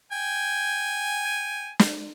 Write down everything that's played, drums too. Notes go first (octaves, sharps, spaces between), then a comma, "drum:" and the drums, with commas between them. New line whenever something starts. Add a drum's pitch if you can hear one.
G5 G#5
drum: snare